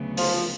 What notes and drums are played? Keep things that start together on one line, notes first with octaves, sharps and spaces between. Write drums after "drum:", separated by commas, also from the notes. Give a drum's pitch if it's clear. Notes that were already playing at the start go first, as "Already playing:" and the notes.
Already playing: D2 C#3 F#3 B3
F3, drum: open hi-hat